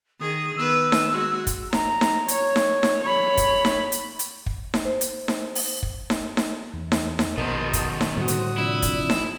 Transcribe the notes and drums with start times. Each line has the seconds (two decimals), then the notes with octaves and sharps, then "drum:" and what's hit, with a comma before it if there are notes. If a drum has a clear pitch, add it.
0.20 D#3 G#4 D#6
0.56 D#3 B3 B4 E6
0.92 drum: snare D#4
1.12 G#3 F#4
1.47 drum: kick, hi-hat
1.73 A#5, drum: snare D#4
2.01 drum: snare D#4
2.28 C#5, drum: hi-hat
2.56 drum: snare D#4
2.83 drum: snare D#4
3.03 C#5 B5
3.37 drum: kick, hi-hat
3.65 drum: snare D#4
3.92 drum: hi-hat
4.19 drum: hi-hat
4.46 drum: kick
4.74 drum: snare D#4
4.85 C5
5.01 drum: hi-hat
5.28 drum: snare D#4
5.55 drum: open hi-hat
5.83 drum: kick
6.10 drum: snare D#4
6.37 drum: snare D#4
6.73 E2
6.92 drum: snare D#4
7.19 drum: snare D#4
7.38 A#1 B2 D#3 A#4 C5 D#5 A5
7.73 drum: kick, hi-hat
8.01 drum: snare D#4
8.17 A2 D3 G3 F#4 C5 D#6
8.28 drum: hi-hat
8.58 C3 F3 D4 E4
8.82 drum: kick, hi-hat
9.10 drum: snare D#4